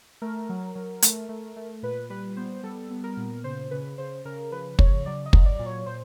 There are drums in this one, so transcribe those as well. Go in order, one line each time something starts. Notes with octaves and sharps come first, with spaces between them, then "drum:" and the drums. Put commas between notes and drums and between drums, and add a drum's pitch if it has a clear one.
A3 A#4
F#3
F#3
A3, drum: hi-hat
A3
A3
A#2 B4
G3 B4
B3 C5
G3 A4
B3
A#4
A#2
C#3 C5
C#3 B4
C#3 C5
C#3 A#4
F3 B4
C#3 C#5, drum: kick
F#3 D5
D#5
F#3, drum: kick
D5
A#2
C#5
A#2 C5